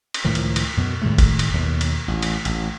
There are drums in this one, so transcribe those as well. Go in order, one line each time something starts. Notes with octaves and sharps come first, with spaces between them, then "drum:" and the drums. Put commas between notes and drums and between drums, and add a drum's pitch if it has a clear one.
drum: cymbal
C#2 A2 D#3 F3
drum: cymbal
drum: cymbal
F#2 B2
A2 D#3 G#3 A3
drum: kick F#1, cymbal
drum: cymbal
D#2 B2
drum: cymbal
A1
drum: cymbal
A1, drum: cymbal